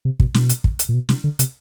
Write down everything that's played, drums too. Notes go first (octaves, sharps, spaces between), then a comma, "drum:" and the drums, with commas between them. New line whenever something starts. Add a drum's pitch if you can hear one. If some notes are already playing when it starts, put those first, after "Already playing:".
C3
B2, drum: kick
B2, drum: snare
drum: hi-hat
drum: kick
drum: hi-hat
A#2
B2
C3, drum: snare
D3
C3, drum: hi-hat